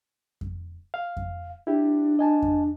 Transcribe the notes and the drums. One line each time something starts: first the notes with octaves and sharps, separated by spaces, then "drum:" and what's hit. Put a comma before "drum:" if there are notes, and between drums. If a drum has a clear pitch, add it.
drum: kick F2
F5
drum: kick F2
D4 E4 G4
D#5 G#5 A5
drum: kick F2